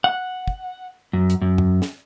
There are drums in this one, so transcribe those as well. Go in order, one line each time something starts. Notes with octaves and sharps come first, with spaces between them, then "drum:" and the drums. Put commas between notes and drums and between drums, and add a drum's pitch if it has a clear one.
F#5
drum: kick
F#2
drum: hi-hat
F#2
drum: tom
drum: snare